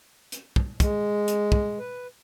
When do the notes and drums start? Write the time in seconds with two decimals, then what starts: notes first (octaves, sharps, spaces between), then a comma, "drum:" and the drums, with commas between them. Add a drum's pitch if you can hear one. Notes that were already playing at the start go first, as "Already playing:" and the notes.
0.32 drum: hi-hat
0.56 drum: kick
0.80 G#3, drum: kick, hi-hat
1.28 drum: hi-hat
1.52 drum: kick
1.79 B4